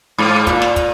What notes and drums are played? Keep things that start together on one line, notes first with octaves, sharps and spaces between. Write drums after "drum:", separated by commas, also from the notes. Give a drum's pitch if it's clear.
G#2
A#2, drum: kick, hi-hat
drum: snare
drum: kick, hi-hat